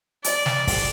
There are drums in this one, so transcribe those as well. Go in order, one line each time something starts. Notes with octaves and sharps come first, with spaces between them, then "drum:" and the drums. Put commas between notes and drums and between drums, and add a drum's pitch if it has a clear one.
D5, drum: hi-hat
drum: snare
drum: kick, open hi-hat